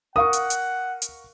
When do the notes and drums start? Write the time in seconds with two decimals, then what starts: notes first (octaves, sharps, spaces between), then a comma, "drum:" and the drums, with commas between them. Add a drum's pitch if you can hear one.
0.16 A#4 F5 F#5 C#6 D#6
0.33 drum: hi-hat
0.50 drum: hi-hat
1.02 drum: hi-hat